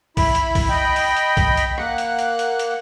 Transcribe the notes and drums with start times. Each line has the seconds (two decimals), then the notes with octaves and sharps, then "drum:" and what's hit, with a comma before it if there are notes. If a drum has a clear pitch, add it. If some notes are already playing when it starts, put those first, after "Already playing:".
0.17 E4 B5, drum: kick, open hi-hat
0.35 drum: hi-hat
0.55 drum: kick, open hi-hat
0.69 D#5 G5 B5
0.96 drum: open hi-hat
1.17 drum: hi-hat
1.37 drum: kick, hi-hat
1.57 drum: hi-hat
1.78 A#3 F#5, drum: rim click
1.98 drum: hi-hat
2.19 drum: hi-hat
2.39 drum: hi-hat
2.59 drum: hi-hat